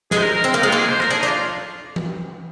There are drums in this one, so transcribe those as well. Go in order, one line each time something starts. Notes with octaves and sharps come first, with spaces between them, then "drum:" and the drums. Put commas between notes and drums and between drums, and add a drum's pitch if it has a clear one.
G#3 G#4, drum: snare
C5
A#4
A#4
C4
A#3 D#4
G#3 F4
A#3
G#4
C5
A#4, drum: rim click
D4 G#4
D#4
D4
F4
drum: tom E3